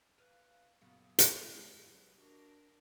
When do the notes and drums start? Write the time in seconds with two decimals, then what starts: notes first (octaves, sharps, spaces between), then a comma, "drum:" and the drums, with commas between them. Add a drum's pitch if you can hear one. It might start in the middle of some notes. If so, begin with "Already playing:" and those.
0.18 B4 F5
0.81 F#2 A#2 C#3 F#3 B3
1.19 drum: hi-hat
1.39 G#3 E4 G4
1.86 F#3 B4
2.17 D4 F#4 A#4